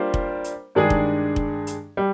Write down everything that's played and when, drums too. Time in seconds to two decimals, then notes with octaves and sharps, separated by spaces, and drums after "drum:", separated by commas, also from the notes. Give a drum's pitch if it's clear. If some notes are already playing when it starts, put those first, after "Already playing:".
Already playing: G3 A#3 D4 F4 C5
0.14 drum: kick F1
0.44 drum: hi-hat
0.75 G2 D#3 G#3 D4 G#4
0.90 drum: kick F1
1.36 drum: kick F1
1.67 drum: hi-hat
1.97 G3